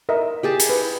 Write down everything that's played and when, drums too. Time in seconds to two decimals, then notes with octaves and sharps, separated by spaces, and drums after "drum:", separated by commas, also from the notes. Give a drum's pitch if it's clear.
0.09 A#4 D#5 E5
0.43 G4 G#4 A5
0.60 drum: hi-hat
0.70 B4